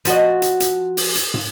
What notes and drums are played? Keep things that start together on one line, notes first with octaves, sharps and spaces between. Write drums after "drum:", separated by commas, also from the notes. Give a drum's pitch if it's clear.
F3 F#4 D#5, drum: hi-hat
drum: hi-hat
drum: hi-hat
drum: open hi-hat
drum: hi-hat
drum: tom